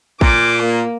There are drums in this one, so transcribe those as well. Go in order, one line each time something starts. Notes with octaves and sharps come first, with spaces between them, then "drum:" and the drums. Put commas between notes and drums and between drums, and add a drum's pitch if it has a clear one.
A#2 D6, drum: kick
A#3